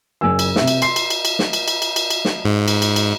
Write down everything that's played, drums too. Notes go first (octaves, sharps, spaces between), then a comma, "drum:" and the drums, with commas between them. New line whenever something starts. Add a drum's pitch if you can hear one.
F#1 G#5 E6
drum: cymbal
C3 E5, drum: snare
drum: cymbal
C6 C7, drum: cymbal
drum: cymbal
drum: cymbal
drum: cymbal
drum: snare
drum: cymbal
drum: cymbal
drum: cymbal
drum: cymbal
drum: cymbal
drum: snare
G#2
drum: cymbal
drum: cymbal
drum: cymbal